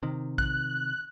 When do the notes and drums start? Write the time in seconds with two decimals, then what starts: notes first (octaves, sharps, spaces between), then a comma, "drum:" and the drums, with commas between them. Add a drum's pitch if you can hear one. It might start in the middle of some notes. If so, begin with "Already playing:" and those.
0.03 C3 D#3
0.38 F#6, drum: kick